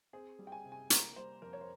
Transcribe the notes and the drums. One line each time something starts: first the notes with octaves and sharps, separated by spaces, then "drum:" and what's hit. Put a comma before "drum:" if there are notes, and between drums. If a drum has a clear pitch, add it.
C4 G#4
G3
G5
G#5
C3
G#5
A#3 A#5, drum: hi-hat
G3 C5
F2 A#4
C#5
C5